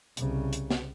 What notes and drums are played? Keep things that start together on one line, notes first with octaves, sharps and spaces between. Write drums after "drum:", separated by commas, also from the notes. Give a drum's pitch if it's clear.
C2 C#3, drum: hi-hat
drum: hi-hat
drum: snare